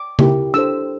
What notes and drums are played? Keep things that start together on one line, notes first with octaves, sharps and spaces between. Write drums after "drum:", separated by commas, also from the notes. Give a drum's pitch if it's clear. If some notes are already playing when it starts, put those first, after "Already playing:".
Already playing: D6
E4 G4 A#4, drum: tom C#3
D4 A4 C5 E6